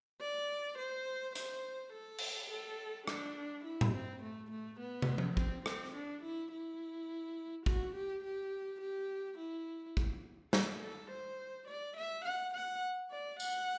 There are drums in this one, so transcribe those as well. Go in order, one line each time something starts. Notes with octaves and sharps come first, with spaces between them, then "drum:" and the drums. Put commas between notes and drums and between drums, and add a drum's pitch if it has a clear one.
D5
C5
C5, drum: hi-hat
A4
drum: cymbal
A4
D4, drum: rim click
E4
drum: tom A2
C4
A3
A3
B3
drum: tom
drum: tom F3
C4, drum: kick
C4, drum: rim click
D4
E4
E4
F#4, drum: kick
G4
G4
G4
E4
drum: kick
A4, drum: snare
A4
C5
D5
E5
F#5
F#5
D5
F#5, drum: tambourine